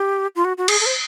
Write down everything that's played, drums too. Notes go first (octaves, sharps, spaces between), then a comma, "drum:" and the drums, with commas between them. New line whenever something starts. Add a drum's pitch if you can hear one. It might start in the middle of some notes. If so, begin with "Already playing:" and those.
Already playing: G4
F4
F#4
F#4
G#4, drum: cymbal
A4
C5